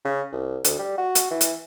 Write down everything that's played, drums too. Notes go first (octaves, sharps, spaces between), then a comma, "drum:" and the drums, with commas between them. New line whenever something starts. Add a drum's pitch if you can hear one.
C#3
C2
D2, drum: hi-hat
G3
F#4
drum: hi-hat
E3
drum: hi-hat